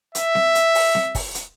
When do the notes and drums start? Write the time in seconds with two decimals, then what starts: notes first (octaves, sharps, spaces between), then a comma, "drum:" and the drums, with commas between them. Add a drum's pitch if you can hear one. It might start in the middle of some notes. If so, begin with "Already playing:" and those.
0.15 E5, drum: hi-hat
0.35 drum: snare C4
0.55 drum: hi-hat
0.75 drum: open hi-hat
0.95 drum: snare C4
1.15 drum: kick, open hi-hat
1.35 drum: hi-hat